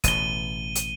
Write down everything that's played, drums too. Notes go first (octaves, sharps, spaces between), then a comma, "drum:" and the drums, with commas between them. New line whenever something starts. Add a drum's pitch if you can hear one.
A1 B2 D#7 G7, drum: kick, hi-hat
drum: hi-hat